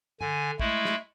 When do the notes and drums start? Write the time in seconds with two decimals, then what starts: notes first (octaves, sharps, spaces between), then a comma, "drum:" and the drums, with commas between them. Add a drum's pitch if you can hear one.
0.21 D3 G#5, drum: tom G2
0.59 G#3 A3 E4, drum: kick
0.85 drum: snare